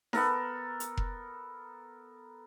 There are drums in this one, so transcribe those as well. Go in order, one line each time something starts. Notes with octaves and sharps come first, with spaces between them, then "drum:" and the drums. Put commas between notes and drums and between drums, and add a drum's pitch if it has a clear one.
B3 A4 A#4, drum: snare D#4
drum: hi-hat
drum: kick F1